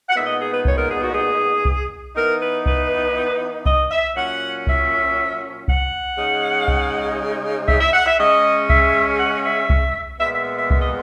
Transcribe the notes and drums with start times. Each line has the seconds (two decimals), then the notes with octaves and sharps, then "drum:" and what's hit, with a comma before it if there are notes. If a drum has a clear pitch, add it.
0.09 F#5
0.14 A#2 G#3 B3 D#4 E5
0.26 D#5
0.39 G#4
0.52 B4
0.65 C#5, drum: kick C2
0.77 A#4
0.90 G#4
1.02 F#4
1.14 G#4
1.65 drum: kick C2
2.15 E3 B3 D#4 A#4
2.41 B4
2.66 B4, drum: kick C2
3.66 D#5, drum: kick C2
3.91 E5
4.16 A#2 F#3 C#4 F#5
4.67 E5, drum: kick C2
5.68 F#5, drum: kick C2
6.17 C#3 G#3 D#4
6.68 drum: kick C2
7.68 E5, drum: kick C2
7.80 E5
7.94 F#5
8.06 E5
8.19 C#3 G#3 C#4 D#5
8.70 E5, drum: kick C2
9.19 F#5
9.45 E5
9.70 drum: kick C2
10.19 A#2 G#3 B3 E5
10.33 E5
10.44 E5
10.58 E5
10.70 E5, drum: kick C2
10.79 D#5